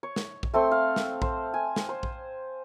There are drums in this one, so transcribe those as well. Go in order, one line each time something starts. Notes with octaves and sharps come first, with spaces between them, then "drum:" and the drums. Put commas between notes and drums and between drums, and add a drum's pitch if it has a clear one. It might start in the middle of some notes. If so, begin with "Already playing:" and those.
C#5
drum: snare
drum: kick A#1
A3 C4 A4 C6
F5
drum: snare
C5, drum: kick A#1
G#5
drum: snare
C5
drum: kick A#1